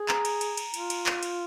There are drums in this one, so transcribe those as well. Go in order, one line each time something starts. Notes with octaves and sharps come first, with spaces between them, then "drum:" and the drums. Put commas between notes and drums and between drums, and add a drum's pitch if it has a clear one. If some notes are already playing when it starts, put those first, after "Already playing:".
Already playing: G#4
A#5, drum: clap
drum: cymbal
drum: cymbal
drum: cymbal
F4, drum: cymbal
drum: cymbal
drum: clap
drum: cymbal